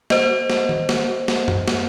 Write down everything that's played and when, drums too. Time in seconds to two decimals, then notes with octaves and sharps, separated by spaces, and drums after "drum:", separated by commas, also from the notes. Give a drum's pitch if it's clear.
0.10 C5 D#5, drum: snare
0.50 drum: snare
0.69 drum: tom D#3
0.89 drum: snare
1.28 drum: snare
1.48 drum: tom F#2
1.68 drum: snare